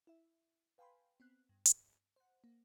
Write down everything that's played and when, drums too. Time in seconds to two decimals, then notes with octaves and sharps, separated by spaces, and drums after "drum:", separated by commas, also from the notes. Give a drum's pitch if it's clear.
0.07 E4 E5
0.78 B4 F5 G5 G#5 B5 C6
1.20 B3 C4 F#6
1.49 G2
1.66 drum: hi-hat
2.16 C5 F#5
2.44 A#3